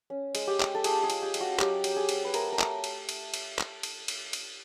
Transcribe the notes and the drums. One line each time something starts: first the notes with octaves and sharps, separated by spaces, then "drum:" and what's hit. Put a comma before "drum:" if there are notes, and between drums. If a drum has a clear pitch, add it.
C#4
G#3, drum: cymbal
G4
G#3, drum: clap
A4
F4 G#4, drum: cymbal
G#4
F4, drum: cymbal
G4
G#3, drum: cymbal
F#4
F#3 G4, drum: clap
F#3, drum: cymbal
G#4
C4, drum: cymbal
B4
A3 A#4, drum: cymbal
A#4
A3, drum: clap
drum: cymbal
drum: cymbal
drum: cymbal
drum: clap
drum: cymbal
drum: cymbal
drum: cymbal